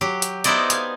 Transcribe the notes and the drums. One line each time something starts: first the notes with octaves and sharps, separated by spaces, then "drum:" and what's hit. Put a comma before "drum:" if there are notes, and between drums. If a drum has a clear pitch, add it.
F#3 G4
drum: hi-hat
B3 D#4 E4 C5 D5 D#5, drum: hi-hat
F5 G#5, drum: hi-hat